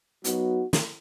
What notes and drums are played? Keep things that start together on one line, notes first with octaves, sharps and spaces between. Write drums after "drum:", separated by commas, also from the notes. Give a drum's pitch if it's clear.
F#3 B3 D#4 F#4, drum: hi-hat
drum: snare